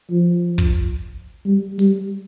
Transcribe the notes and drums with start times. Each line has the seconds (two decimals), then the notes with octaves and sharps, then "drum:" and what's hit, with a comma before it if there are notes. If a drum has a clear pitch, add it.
0.11 F3
0.58 drum: kick
1.46 G3
1.79 G3, drum: hi-hat